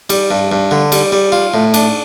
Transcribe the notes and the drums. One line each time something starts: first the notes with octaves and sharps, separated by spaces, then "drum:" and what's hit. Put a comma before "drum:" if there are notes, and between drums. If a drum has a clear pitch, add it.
G3, drum: cymbal
G2
G2
D3
G3, drum: cymbal
G3
F4
A2
D4, drum: cymbal